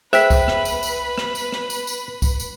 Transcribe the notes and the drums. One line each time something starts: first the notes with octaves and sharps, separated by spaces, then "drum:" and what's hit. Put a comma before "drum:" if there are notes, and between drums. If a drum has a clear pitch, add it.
G#4 B4 C5 E5 G5 B5 B6, drum: tambourine
drum: kick C2, tambourine
drum: rim click
drum: tambourine
drum: tambourine
drum: rim click
drum: tambourine
drum: rim click
drum: tambourine
drum: tambourine
drum: kick C2, tambourine
drum: tambourine